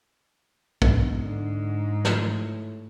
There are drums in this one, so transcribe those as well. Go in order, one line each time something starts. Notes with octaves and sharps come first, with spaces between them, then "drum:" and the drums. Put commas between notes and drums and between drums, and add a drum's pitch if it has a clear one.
E1 G#2, drum: kick
D3
A2, drum: snare